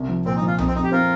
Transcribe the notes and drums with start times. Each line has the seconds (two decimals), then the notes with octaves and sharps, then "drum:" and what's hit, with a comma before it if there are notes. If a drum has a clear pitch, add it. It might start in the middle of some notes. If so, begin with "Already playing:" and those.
Already playing: C2
0.09 F3
0.25 A#2 C4
0.36 D#4
0.42 F3
0.47 F4
0.58 F2 D#4, drum: tom B1
0.67 C4
0.75 F2 D#4
0.84 G4
0.91 C4 F4 A#4